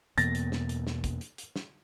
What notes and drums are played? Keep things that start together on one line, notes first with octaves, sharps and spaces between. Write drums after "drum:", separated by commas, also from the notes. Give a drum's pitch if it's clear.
E2 B2 A#3 A6 A#6, drum: hi-hat
drum: hi-hat
drum: snare
drum: hi-hat
drum: snare
drum: kick, hi-hat
drum: hi-hat
drum: hi-hat
drum: snare